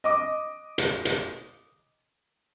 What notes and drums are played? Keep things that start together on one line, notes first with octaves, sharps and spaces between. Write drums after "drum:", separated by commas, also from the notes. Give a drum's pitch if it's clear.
D#5 D6
drum: hi-hat
drum: hi-hat